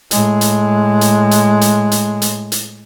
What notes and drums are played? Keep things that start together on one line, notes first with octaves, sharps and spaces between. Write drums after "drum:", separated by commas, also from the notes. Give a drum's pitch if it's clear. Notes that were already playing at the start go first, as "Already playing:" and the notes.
A2 G#3, drum: hi-hat
drum: hi-hat
drum: hi-hat
drum: hi-hat
drum: hi-hat
drum: hi-hat
drum: hi-hat
drum: hi-hat